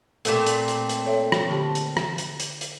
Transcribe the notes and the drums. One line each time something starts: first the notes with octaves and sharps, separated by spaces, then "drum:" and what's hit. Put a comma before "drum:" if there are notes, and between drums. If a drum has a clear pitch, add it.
A#2 A3 C4 A4, drum: hi-hat
drum: hi-hat
drum: hi-hat
drum: hi-hat
A4 C#5 E5
drum: rim click
D3 G4 A5
drum: hi-hat
drum: rim click
drum: hi-hat
drum: hi-hat
drum: hi-hat